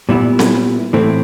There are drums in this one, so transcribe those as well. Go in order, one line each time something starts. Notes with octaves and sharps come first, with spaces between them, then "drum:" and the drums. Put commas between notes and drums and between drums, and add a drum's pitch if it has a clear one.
A#2 G3 B3 E4
drum: snare C4
A2 E3 A3 C4